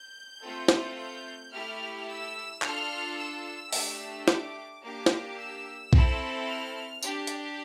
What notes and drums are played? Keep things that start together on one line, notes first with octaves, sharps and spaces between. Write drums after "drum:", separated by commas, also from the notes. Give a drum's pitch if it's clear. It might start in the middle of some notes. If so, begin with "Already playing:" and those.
Already playing: G6
A3 C4 F4 A4
drum: snare
G6
A3 E4 G4 F6
E6
D4 F4 A4 F6, drum: clap
E6
A3 D4 G4, drum: open hi-hat
D6, drum: snare
A#3 D4 G4 D6
drum: snare
E6
C4 E4 A4, drum: kick B1
F6
D4 G4, drum: tambourine
drum: hi-hat